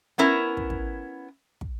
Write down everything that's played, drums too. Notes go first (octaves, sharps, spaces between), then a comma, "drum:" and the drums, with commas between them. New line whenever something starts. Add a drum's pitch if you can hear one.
B3 C#4 E4 A#4
drum: kick
drum: kick
drum: kick